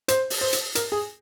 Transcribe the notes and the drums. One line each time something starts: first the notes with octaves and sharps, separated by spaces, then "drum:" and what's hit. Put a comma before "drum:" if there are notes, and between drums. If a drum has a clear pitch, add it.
C5, drum: hi-hat
drum: open hi-hat
C5
drum: hi-hat
A#4, drum: hi-hat
G#4